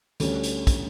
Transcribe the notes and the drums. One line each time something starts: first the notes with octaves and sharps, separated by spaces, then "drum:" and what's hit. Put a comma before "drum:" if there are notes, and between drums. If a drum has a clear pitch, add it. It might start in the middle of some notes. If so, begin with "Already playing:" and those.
D2 D3 G3 C#4, drum: hi-hat
drum: hi-hat
drum: kick, hi-hat